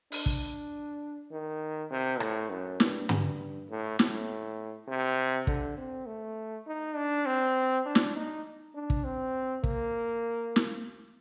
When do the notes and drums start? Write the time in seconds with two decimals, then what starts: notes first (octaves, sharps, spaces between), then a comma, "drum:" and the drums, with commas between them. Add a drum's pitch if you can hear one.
0.12 D4, drum: open hi-hat
0.26 drum: kick
1.31 D#3
1.91 C3
2.20 A2, drum: rim click
2.50 F#2
2.80 G2, drum: snare
3.09 G2, drum: tom
3.69 A2
3.99 A2, drum: snare
4.88 C3
5.47 D3, drum: kick
5.77 C4
6.06 A3
6.67 D#4
6.96 D4
7.26 C4
7.86 D4
7.95 drum: snare
8.16 D#4
8.75 D4
8.90 drum: kick
9.04 C4
9.64 A#3, drum: kick
10.56 drum: snare